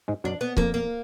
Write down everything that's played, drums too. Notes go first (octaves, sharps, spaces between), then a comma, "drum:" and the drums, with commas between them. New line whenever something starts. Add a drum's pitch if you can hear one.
G#2 G#3
F#2 F#3 D4
B3
F2 F3 A#3, drum: kick C#1
A#3